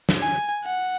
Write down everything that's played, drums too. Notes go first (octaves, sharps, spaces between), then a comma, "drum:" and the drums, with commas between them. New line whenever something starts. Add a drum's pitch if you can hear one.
drum: snare
G#5
F#5